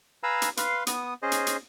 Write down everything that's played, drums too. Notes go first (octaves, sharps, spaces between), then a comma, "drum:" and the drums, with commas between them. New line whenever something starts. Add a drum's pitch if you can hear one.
B4 F5 G#5 A#5 B5 E6
drum: hi-hat
B4 F5 C6, drum: hi-hat
B3 D#6, drum: hi-hat
C#4 G#4 C5 D#5
drum: hi-hat
drum: hi-hat